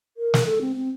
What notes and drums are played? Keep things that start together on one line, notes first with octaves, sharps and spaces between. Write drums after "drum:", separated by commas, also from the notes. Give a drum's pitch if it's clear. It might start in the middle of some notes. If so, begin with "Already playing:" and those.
A#4
drum: snare
A4
C4
C4